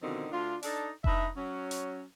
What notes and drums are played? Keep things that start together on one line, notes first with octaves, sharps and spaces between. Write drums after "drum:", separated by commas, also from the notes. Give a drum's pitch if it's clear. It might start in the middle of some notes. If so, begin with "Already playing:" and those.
B2 D3 D#3 F3 C4
D2 D4 F4
D4 D#4 A4 D5, drum: open hi-hat
D4 D#4 B4 E5, drum: kick F1
F#3 C#4
drum: hi-hat